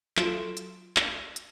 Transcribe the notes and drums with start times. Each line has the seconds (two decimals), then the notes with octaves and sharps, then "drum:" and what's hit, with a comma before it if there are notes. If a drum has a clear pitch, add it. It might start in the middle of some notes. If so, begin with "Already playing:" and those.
0.17 F#3 F4 A4 C6 D7 E7, drum: clap
0.57 drum: hi-hat
0.96 drum: clap
1.36 drum: hi-hat